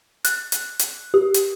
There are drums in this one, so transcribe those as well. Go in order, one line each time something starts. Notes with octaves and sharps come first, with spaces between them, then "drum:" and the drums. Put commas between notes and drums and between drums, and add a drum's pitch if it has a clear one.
F#6, drum: hi-hat
drum: hi-hat
drum: hi-hat
G4
drum: hi-hat